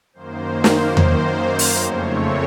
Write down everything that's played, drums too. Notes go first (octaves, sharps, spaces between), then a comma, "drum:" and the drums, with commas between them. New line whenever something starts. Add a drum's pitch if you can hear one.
F#2 D#3 A#3 C5
drum: snare
C5, drum: tom E2
drum: open hi-hat
F2 C#3 A3 C4 C#5